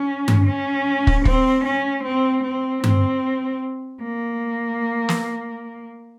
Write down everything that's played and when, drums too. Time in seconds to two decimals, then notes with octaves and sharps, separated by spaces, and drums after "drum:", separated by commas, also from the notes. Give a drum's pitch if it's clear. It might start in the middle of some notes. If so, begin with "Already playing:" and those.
Already playing: C#4
0.28 drum: tom G2
0.45 C#4
1.07 drum: kick
1.25 C4, drum: kick
1.64 C#4
2.04 C4
2.44 C4
2.84 C4, drum: tom G2
4.02 A#3
5.09 drum: snare